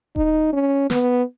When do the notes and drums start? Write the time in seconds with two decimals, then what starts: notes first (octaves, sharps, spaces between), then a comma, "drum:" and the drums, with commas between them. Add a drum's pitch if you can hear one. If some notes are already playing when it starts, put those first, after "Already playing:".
0.16 D#4, drum: kick D#1
0.53 C#4
0.90 B3, drum: snare